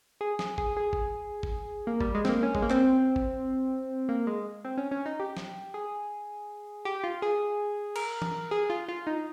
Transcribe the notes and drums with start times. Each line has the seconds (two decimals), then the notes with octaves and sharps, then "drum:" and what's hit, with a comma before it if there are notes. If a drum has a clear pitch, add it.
0.21 G#4
0.39 G#4, drum: snare
0.58 G#4, drum: kick G#1
0.77 G#4
0.93 drum: kick G#1
1.43 drum: kick G#1
1.87 A#3
2.01 G3, drum: kick G#1
2.15 G#3
2.25 C4, drum: snare
2.29 A#3
2.43 C#4
2.55 G#3, drum: kick G#1
2.62 A#3
2.70 C4, drum: clap
3.16 drum: kick G#1
4.09 A#3
4.27 G#3
4.65 C4
4.77 C#4
4.91 C#4
5.06 D#4
5.20 G4
5.37 drum: snare
5.74 G#4
6.85 G4
7.04 F4
7.22 G#4
7.96 A#4, drum: cymbal
8.22 drum: tom E3
8.51 G#4
8.70 F4
8.88 F4
9.07 D#4